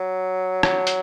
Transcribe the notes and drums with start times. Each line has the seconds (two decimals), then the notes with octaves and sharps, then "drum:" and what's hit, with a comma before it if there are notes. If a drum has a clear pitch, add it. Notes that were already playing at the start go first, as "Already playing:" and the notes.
Already playing: F#3
0.63 F#3, drum: rim click
0.87 drum: hi-hat